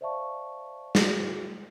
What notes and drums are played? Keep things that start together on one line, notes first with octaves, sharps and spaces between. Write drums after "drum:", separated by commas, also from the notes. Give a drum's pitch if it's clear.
C5 D5 E5 F5 A5 C#6
F#4 G#4 D6, drum: snare